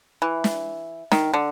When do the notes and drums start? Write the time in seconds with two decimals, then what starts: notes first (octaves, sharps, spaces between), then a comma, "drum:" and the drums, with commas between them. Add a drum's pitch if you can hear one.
0.22 E3
0.44 drum: snare
1.12 D#3, drum: snare
1.33 D3